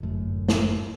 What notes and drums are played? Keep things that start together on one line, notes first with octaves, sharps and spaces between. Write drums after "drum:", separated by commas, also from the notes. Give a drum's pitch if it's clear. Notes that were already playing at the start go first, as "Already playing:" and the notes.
D1 G1 F#2 A3
drum: snare